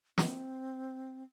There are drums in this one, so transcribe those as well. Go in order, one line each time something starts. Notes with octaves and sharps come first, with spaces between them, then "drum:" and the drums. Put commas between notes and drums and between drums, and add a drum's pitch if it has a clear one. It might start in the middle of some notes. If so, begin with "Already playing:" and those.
C4, drum: snare